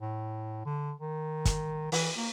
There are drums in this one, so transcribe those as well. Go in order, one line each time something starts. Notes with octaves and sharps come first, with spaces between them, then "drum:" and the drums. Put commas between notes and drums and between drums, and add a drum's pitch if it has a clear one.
A2
D3
D#3
drum: kick, hi-hat
E3, drum: open hi-hat
A#3